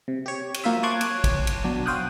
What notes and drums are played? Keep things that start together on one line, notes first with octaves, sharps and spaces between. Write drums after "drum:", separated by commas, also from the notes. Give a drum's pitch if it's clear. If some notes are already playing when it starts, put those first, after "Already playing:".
C3
G4 C#5
drum: cymbal
F#3 A#3 F4 C5 E5
C#5 A5 C6 D6 F#6 G#6
drum: cymbal
drum: kick, cymbal
drum: cymbal
B2 F#3 D4
F#4 C5 F5 G5 D#6 F#6